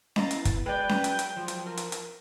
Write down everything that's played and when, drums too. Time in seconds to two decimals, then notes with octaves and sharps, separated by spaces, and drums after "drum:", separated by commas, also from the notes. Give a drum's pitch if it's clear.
0.16 B3 E4 D#5 F5 A#5 A6, drum: snare C#4
0.31 drum: hi-hat
0.45 drum: kick, hi-hat
0.66 F#3 G#3 B4 D5 G5
0.89 drum: snare C#4
1.04 drum: hi-hat
1.19 drum: hi-hat
1.36 F3
1.48 drum: hi-hat
1.66 A#4
1.77 drum: hi-hat
1.92 drum: hi-hat